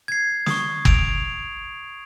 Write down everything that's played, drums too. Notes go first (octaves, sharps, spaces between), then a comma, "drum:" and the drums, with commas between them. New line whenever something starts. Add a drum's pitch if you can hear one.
G#6 C7
C#6 D#6, drum: snare
D7 F7, drum: kick